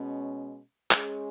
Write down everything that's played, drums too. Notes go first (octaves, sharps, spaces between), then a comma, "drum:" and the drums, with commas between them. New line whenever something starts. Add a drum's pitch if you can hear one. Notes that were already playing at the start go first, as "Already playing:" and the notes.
Already playing: B2 G#3 C#4
G#3 C#4 G#4, drum: clap